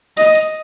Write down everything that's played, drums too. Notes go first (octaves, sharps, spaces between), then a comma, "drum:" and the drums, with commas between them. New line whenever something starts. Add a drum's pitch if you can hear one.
D#5, drum: hi-hat
drum: hi-hat